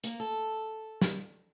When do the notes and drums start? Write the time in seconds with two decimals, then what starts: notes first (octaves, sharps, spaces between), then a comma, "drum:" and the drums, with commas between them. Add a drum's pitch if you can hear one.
0.04 A#3, drum: hi-hat
0.20 A4
1.02 drum: snare